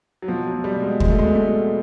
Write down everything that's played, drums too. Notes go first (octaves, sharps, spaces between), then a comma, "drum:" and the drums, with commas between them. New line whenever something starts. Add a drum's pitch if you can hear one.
F#3
B2 F3
F#3
B2
G3
B2
G#3
B2 G#3, drum: kick D2
A3
G#3
B2
A3
B2